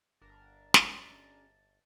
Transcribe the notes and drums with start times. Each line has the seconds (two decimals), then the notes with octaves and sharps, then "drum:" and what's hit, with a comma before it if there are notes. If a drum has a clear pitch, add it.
0.22 G1 D4 A#4 A5
0.74 C#4 F#4 G#4, drum: snare